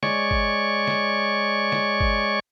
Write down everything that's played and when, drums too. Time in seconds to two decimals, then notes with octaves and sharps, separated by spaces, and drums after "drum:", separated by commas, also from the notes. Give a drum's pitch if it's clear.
0.03 G#3 C#5 D5 C#6, drum: snare
0.31 drum: kick
0.87 drum: snare
1.72 drum: snare
2.01 drum: kick